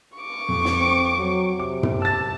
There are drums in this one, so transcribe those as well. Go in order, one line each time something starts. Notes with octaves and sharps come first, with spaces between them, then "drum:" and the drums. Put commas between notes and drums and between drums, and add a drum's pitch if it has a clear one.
C#6 D6
F2
drum: snare
C4
F#3
C3 D6
drum: tom
A5 E6 A6